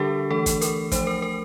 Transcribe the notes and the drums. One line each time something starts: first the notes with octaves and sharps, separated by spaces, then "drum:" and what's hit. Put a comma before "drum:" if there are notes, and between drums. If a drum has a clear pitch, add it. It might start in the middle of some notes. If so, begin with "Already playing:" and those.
Already playing: D3 G3 D4 G4 A4 A#4
E3 A3 D4 A4
drum: kick, hi-hat
A#4, drum: hi-hat
F3 A3 D4 C5, drum: kick, hi-hat
A#4
A#4